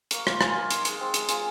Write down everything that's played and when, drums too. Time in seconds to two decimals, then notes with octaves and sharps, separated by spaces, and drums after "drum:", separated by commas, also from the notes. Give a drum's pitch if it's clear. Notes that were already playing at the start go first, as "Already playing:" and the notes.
0.11 A#3 C#6, drum: hi-hat
0.27 F4 C6, drum: rim click
0.41 F4 G#5, drum: rim click
0.51 A#3 G#5
0.61 C#6
0.70 D#4 C6, drum: hi-hat
0.85 G#3, drum: hi-hat
1.00 C4
1.14 G#3, drum: hi-hat
1.29 F4 G#5, drum: hi-hat